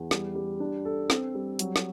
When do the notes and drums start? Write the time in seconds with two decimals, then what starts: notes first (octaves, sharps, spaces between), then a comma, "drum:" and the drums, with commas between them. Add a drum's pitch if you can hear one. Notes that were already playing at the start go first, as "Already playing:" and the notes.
Already playing: E2
0.11 G3, drum: snare
0.35 G3
0.60 D4
0.85 A4
1.10 C4, drum: snare
1.35 G3
1.59 F#3, drum: hi-hat
1.76 drum: snare